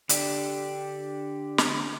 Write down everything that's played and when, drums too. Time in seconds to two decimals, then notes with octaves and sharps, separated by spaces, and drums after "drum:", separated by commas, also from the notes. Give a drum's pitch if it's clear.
0.09 D3 D4 G4, drum: hi-hat
1.58 drum: snare